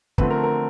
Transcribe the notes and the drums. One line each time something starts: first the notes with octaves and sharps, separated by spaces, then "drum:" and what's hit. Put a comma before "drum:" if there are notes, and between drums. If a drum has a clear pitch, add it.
D3 F3 A3 C4 B4, drum: kick
A#4
A#4